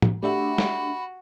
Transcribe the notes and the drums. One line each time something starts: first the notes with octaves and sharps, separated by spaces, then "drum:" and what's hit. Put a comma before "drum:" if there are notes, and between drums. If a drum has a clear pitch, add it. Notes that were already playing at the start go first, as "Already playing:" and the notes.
drum: tom
A3 D4 F#4 G4 E5 B5
drum: snare